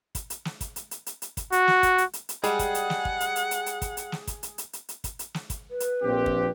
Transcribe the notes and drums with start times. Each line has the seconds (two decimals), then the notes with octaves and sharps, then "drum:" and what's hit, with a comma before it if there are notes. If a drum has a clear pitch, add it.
0.15 drum: kick, hi-hat
0.30 drum: hi-hat
0.45 drum: snare
0.61 drum: kick, hi-hat
0.76 drum: hi-hat
0.91 drum: hi-hat
1.06 drum: hi-hat
1.22 drum: hi-hat
1.37 drum: kick, hi-hat
1.52 F#4, drum: hi-hat
1.68 drum: snare
1.83 drum: kick, hi-hat
1.98 drum: hi-hat
2.13 drum: hi-hat
2.29 drum: hi-hat
2.44 G3 G#3 G#4 F#5, drum: hi-hat
2.59 drum: kick, hi-hat
2.75 drum: hi-hat
2.90 drum: snare
3.05 drum: kick
3.20 drum: hi-hat
3.36 drum: hi-hat
3.51 drum: hi-hat
3.66 drum: hi-hat
3.82 drum: kick, hi-hat
3.97 drum: hi-hat
4.12 drum: snare
4.27 drum: kick, hi-hat
4.43 drum: hi-hat
4.58 drum: hi-hat
4.73 drum: hi-hat
4.89 drum: hi-hat
5.04 drum: kick, hi-hat
5.19 drum: hi-hat
5.34 drum: snare
5.50 drum: kick, hi-hat
5.71 B4
5.80 drum: hi-hat
6.03 A#1 C4 G4
6.26 drum: kick